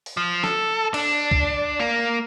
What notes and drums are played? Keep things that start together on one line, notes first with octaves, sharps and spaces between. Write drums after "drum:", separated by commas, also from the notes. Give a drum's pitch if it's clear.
drum: open hi-hat
F3
A4, drum: snare
D4, drum: cymbal
drum: kick
A#3